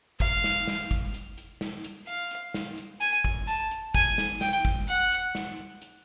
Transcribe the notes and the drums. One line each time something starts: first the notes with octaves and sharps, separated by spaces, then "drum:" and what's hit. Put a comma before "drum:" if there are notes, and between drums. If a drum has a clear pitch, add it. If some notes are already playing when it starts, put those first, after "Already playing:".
F5, drum: kick, hi-hat
drum: snare
drum: snare
drum: kick, hi-hat
drum: hi-hat
drum: hi-hat
drum: snare
drum: hi-hat
F5, drum: hi-hat
drum: hi-hat
drum: snare
drum: hi-hat
G#5, drum: hi-hat
drum: kick
A5, drum: hi-hat
drum: hi-hat
G#5, drum: kick, hi-hat
drum: snare
G5, drum: snare
drum: kick, hi-hat
F#5, drum: hi-hat
drum: hi-hat
drum: snare
drum: hi-hat